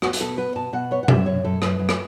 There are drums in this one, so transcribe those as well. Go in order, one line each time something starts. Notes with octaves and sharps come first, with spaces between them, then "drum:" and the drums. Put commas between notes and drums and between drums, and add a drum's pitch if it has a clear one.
B3 F#4, drum: rim click
F#4, drum: hi-hat
B2 A4
B3 B4
B2 A5
B2 F#5
B3 C#5
F#5
F#2 E5, drum: tom B2
F#2 C#5
F#2 A4
F#2 B4, drum: rim click
F#2
drum: rim click